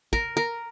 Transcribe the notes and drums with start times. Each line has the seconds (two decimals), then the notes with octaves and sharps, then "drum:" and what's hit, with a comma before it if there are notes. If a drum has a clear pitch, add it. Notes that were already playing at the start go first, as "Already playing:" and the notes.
0.13 A#4, drum: kick
0.37 A#4